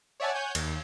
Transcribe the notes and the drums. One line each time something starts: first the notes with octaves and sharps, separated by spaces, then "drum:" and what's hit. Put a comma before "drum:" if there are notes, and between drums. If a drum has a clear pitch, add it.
C#5 D5 E5 F#5 G#5 A5
C#5 F#5 G#5 G6
D#2, drum: cymbal